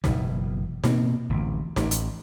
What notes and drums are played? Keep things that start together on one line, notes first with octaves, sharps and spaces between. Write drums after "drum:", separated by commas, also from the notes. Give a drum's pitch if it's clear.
F#1 C#2 B2 E3, drum: snare D#4
B2 A#3 C4, drum: snare D#4
D1 A1 E3
A1, drum: snare D#4
drum: hi-hat